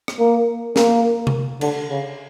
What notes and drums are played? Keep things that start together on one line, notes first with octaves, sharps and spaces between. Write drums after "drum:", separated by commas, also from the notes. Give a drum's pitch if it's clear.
drum: rim click
A#3
A#3, drum: snare
drum: tom C3
D3, drum: cymbal
C#3